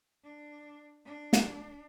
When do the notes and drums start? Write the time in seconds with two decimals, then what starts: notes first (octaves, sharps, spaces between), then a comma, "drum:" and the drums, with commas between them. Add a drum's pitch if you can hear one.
0.23 D4
1.05 D4
1.33 drum: snare